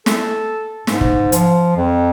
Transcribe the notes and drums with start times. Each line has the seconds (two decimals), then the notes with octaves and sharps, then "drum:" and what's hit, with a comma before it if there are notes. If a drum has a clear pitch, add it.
0.06 A4, drum: snare
0.87 G#2, drum: snare
1.01 drum: kick
1.32 F3, drum: hi-hat
1.76 F2